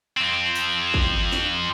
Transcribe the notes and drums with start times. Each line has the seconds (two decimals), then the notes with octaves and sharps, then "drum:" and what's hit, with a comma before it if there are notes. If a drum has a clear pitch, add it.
0.17 F2 C4
0.55 drum: tambourine
0.94 drum: kick
1.33 drum: snare